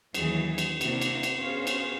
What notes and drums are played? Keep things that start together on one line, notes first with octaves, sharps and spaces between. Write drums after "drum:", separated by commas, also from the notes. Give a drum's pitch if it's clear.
D#2 E3 F#3 G#4, drum: cymbal
drum: cymbal
C3 A#3 D4 E4 F#4, drum: cymbal
drum: cymbal
drum: cymbal
B3 C#4 F#4 G#4 C5 F5
drum: cymbal